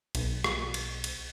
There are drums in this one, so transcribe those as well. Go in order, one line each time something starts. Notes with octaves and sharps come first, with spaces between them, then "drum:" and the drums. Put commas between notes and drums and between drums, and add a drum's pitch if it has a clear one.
B1, drum: cymbal
drum: rim click
drum: cymbal
drum: cymbal